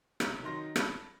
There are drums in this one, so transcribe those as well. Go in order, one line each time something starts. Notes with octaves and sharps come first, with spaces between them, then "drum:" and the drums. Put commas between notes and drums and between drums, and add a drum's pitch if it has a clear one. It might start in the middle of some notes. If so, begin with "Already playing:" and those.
B1 C3 A#5 B5 F#7, drum: rim click
D#3 F#3 D#4 C6 A#6
A5 B5, drum: rim click